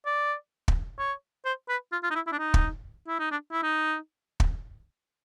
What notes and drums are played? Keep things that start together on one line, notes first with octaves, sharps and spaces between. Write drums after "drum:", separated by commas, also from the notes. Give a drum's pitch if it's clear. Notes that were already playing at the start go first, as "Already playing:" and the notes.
D5
drum: kick
C#5
C5
B4
F4
F4
D#4
E4
E4
D4
D#4
drum: kick
E4
D#4
D4
E4
D#4
drum: kick